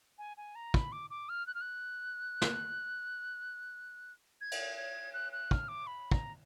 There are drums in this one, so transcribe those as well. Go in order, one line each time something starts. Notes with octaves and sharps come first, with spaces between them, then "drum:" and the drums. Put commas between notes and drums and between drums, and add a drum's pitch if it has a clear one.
G#5
G#5
A#5
B5, drum: kick
D6
D6
F6
F#6
F6
F#6
drum: snare
G#6
drum: cymbal
G#6
F#6
F#6
F6, drum: kick
D6
B5
A#5, drum: kick